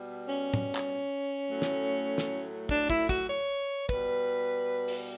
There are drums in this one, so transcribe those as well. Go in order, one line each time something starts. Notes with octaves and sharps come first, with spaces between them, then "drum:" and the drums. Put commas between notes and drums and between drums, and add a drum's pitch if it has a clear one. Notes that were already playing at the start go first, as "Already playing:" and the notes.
Already playing: B2 G3
C#4
drum: tom
drum: clap
A2 F#3 A3
drum: snare
drum: snare
D4, drum: kick
E4, drum: kick
F#4, drum: kick
C#5
B2 G3 B4, drum: kick
drum: open hi-hat